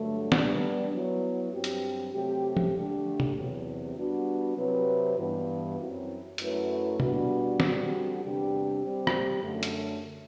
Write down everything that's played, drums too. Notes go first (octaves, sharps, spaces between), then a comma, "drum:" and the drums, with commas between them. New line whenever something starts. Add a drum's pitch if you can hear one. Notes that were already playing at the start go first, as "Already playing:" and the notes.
Already playing: G2 D3 F#3 A3
G3 B3 D4, drum: snare
F#3 B3 E4
G2 F#3 C4 G4
drum: hi-hat
C3 F#3 A3 C4 G4
drum: tom
D3 A3 D4 G4
drum: tom
E2 C3 F#3
G3 B3 D4 F#4
C3 F#3 C4 E4 B4
G2 E3 B3
F#2 F#3 C4 E4
F#2 F#3 A3 E4 B4, drum: hi-hat
B2 G3 B3 D4 F#4, drum: tom
D3 G3 C4 F#4, drum: snare
E2 C3 G3 D4 G4
G3 C4 G4 C5
drum: rim click
F#2 D3 A3
drum: hi-hat